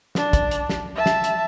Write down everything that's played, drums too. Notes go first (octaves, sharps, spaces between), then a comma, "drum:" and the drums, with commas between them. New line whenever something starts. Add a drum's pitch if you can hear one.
D4, drum: snare
drum: kick, hi-hat
drum: hi-hat
drum: snare
E5 A5
drum: snare
drum: hi-hat